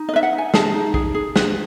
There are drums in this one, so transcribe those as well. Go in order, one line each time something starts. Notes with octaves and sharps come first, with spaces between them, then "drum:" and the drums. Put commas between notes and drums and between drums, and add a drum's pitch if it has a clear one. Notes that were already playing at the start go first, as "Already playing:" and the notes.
Already playing: D#4
D#5
B4 E5
F#5
D#4
G#5
G#4 A5, drum: snare
D#4
G#4, drum: kick
G#4
B4, drum: snare